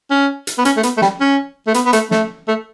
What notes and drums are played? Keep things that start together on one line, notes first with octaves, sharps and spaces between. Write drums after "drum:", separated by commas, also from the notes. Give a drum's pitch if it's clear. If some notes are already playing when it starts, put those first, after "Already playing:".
C#4
drum: hi-hat
B3
C#4, drum: hi-hat
A3
B3, drum: hi-hat
A3
G3, drum: snare
C#4
A3
B3, drum: hi-hat
B3
A3, drum: hi-hat
A3, drum: snare
A3